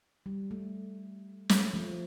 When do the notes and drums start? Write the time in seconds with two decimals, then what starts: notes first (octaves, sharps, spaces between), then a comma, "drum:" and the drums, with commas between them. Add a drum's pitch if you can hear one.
0.26 G3
0.51 A3
1.49 A3, drum: snare
1.74 F3